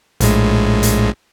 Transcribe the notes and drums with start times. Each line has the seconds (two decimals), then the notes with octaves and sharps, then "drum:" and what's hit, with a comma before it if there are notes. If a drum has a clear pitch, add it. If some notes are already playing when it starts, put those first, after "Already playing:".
0.21 A#1 A2 G#3, drum: hi-hat
0.83 drum: hi-hat